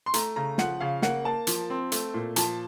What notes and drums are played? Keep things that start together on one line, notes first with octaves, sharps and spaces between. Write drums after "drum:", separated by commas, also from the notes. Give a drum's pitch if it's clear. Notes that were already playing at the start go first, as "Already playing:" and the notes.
C6
A3 A#5, drum: hi-hat
C#3 A#5
F3 F#5, drum: snare
C#3 F5
A#3 F#5, drum: snare
A#3 A5
F3, drum: hi-hat
C4
A3, drum: hi-hat
A#2
F3 A5, drum: hi-hat